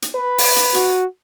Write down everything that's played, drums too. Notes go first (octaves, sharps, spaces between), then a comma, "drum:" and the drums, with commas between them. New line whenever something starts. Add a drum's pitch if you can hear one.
drum: hi-hat
B4
drum: open hi-hat
drum: hi-hat
F#4, drum: hi-hat